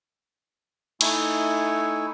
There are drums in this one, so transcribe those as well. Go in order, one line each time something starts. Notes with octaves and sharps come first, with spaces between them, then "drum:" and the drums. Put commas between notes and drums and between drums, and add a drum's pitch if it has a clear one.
A3 D#4 E4 G#5 C#6 E6, drum: cymbal